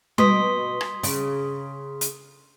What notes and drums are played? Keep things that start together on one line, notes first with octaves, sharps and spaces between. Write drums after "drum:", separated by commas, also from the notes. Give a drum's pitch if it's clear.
B2 C6 D#6 B6, drum: tom G3
drum: rim click
C#3, drum: open hi-hat
drum: hi-hat